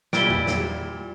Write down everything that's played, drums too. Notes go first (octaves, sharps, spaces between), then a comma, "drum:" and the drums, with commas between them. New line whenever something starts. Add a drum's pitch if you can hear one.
A#2 G3 E4 C5 D7 G7, drum: snare
drum: tom E2
drum: snare